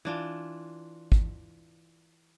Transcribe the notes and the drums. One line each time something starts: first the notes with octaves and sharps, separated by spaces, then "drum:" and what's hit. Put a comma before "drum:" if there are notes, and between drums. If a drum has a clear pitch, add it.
E3 D4 F4
drum: kick